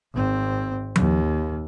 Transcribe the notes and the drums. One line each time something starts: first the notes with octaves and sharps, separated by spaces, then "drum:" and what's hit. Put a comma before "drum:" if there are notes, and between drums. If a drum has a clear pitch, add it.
G#1 C4
D#2, drum: tom F3